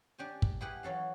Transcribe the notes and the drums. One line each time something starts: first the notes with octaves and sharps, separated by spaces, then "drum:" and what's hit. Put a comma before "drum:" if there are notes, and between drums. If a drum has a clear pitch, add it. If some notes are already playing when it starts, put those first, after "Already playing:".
D4 G4 G#5
drum: kick
E4 G4 G#4 B4 F#5
E3 F#3 A4 F5